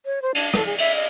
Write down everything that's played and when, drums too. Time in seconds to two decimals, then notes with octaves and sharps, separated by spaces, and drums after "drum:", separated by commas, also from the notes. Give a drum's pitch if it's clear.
0.06 C#5
0.22 C5
0.35 D4, drum: cymbal
0.54 A4, drum: rim click
0.66 G#4
0.78 E5, drum: cymbal
0.95 D#5